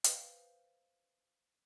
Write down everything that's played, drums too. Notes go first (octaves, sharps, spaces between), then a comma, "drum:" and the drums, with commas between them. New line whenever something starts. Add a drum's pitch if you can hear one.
B4 C5 D#5 F5 G5, drum: hi-hat